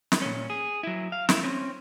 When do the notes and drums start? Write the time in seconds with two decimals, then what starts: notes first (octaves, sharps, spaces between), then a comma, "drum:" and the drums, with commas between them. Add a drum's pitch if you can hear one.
0.12 drum: snare
0.22 A#2 C#4
0.50 G#4
0.83 F#3 E4
1.12 F5
1.29 E4, drum: snare
1.44 C4 C#4